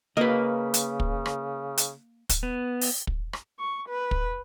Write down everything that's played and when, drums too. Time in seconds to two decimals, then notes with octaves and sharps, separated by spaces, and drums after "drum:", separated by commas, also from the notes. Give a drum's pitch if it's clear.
0.17 C#3 A#3 B4 D#5
0.74 drum: hi-hat
1.00 drum: kick
1.26 drum: rim click
1.77 drum: hi-hat
2.29 drum: kick, hi-hat
2.43 B3
2.81 drum: open hi-hat
3.07 drum: kick
3.33 drum: rim click
3.59 C#6
3.89 B4
4.11 drum: kick